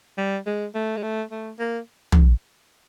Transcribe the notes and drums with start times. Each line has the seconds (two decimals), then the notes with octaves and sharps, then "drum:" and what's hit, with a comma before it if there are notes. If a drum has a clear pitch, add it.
0.18 G3
0.46 G#3
0.75 A3
0.97 G#3
1.03 A3
1.31 A3
1.59 A#3
2.12 drum: tom